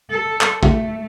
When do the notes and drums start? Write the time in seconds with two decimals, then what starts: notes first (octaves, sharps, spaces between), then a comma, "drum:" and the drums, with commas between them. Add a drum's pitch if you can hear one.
0.11 A4
0.41 drum: clap
0.63 A3, drum: kick